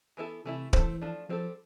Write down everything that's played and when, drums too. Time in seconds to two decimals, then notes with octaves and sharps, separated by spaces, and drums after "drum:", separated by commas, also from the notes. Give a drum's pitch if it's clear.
0.17 E3 B3 E4 A4
0.45 C3 E3 A3 E4
0.73 E3 A3 C4 F4 A4 C5, drum: kick D1
1.01 F3 A3 D4
1.29 F3 G3 C4 F4 A4